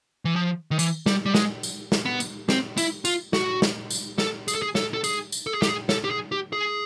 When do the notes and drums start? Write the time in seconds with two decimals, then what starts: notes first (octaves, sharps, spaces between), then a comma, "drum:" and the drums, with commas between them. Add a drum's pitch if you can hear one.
0.25 E3
0.36 F3
0.71 D#3
0.79 E3, drum: tambourine
1.06 G3, drum: snare
1.26 G3
1.35 G#3, drum: snare
1.63 drum: tambourine
1.92 drum: snare
2.05 B3
2.20 drum: tambourine
2.49 C4, drum: snare
2.78 E4, drum: tambourine
3.05 F4, drum: tambourine
3.33 F#4, drum: snare
3.62 drum: snare
3.90 drum: tambourine
4.18 A4, drum: snare
4.48 G#4, drum: tambourine
4.55 A4
4.62 G#4
4.75 A4, drum: snare
4.94 A4
5.04 G#4, drum: tambourine
5.32 drum: tambourine
5.47 A4
5.54 G#4
5.62 G4, drum: snare
5.69 G#4
5.89 A4, drum: snare
6.04 G4
6.11 G#4
6.32 G4
6.53 G#4